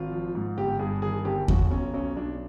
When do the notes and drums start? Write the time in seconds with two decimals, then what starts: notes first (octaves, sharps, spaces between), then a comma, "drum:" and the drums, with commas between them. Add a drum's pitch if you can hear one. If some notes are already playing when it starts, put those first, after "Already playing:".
Already playing: G#1 F4
0.12 F3
0.35 G#2
0.57 G1 G4
0.79 G2 G#4
1.02 D#3 G#4
1.25 G1 G4
1.48 B1 F#4, drum: kick E2
1.71 B1 C#4
1.94 B1 C#4
2.16 B1 D4